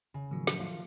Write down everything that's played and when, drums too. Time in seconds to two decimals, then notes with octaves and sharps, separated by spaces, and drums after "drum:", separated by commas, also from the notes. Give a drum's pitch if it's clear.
0.14 C#3
0.31 A2 D#3 F3 F#3
0.47 drum: snare
0.60 A3 F4 F5